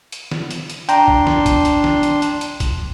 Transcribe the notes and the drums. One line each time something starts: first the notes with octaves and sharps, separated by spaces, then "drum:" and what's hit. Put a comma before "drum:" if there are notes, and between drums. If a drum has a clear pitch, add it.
drum: hi-hat
drum: snare
drum: hi-hat
drum: hi-hat
D4 G5 A#5 C6, drum: hi-hat
drum: kick
drum: snare
drum: kick, hi-hat
drum: hi-hat
drum: snare
drum: hi-hat
drum: hi-hat
drum: hi-hat
drum: kick, hi-hat